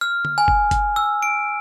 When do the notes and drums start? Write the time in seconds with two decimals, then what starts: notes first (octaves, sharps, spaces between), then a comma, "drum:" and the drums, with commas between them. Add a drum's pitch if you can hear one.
0.01 F6
0.25 drum: tom D3
0.38 G#5
0.48 drum: kick G1
0.71 drum: kick G1, hi-hat
0.96 E6
1.23 D7